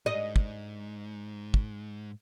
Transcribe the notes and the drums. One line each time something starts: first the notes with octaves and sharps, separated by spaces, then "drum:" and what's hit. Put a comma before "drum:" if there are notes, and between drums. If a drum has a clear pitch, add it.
G#2 D#5
drum: kick
drum: kick